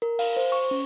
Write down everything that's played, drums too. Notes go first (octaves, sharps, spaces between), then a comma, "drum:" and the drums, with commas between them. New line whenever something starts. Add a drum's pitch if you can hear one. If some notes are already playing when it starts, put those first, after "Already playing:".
A#4
F5, drum: open hi-hat
C5
C#6
C#4